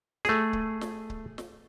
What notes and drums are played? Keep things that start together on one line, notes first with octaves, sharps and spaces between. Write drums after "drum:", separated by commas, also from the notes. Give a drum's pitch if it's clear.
A3 G#4, drum: snare
drum: kick C#1
drum: snare
drum: kick C#1
drum: snare